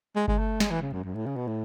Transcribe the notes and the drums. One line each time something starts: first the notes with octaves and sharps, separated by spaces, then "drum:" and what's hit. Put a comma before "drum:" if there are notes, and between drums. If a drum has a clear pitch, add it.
G#3
G#3, drum: kick G1
A3
G#3, drum: snare
E3
C#3
F#2
F#2
A2
C#3
B2
A2